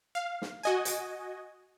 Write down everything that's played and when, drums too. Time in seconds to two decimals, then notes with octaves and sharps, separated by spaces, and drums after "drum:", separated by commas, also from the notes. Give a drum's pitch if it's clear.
0.15 F5
0.42 drum: snare
0.63 F#4 D#5 G#5
0.85 drum: hi-hat